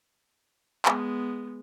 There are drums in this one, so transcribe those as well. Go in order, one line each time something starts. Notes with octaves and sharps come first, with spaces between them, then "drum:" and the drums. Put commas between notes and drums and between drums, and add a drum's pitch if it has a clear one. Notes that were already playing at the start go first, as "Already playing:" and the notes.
G#3 B3, drum: clap